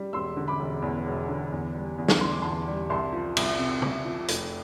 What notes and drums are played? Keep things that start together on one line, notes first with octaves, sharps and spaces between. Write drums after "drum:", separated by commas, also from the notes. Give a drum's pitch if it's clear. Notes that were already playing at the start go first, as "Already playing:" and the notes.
Already playing: G3
E1 C6 E6
D3
B5 D6
E1
E2
E1
D3
E2
G3
E2
drum: snare
D3 C6
D6
E2 A5 C6
G3
C2 A5 C6
F3
C2, drum: cymbal
C3
C2, drum: tom
F3
F1, drum: hi-hat